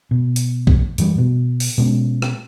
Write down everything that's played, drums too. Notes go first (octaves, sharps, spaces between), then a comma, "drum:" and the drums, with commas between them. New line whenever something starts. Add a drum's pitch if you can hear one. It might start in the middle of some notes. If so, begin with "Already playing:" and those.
B2
drum: hi-hat
drum: kick B1
F#2 E3 G3, drum: hi-hat
B2
drum: open hi-hat
B2 G#3 C#4
drum: rim click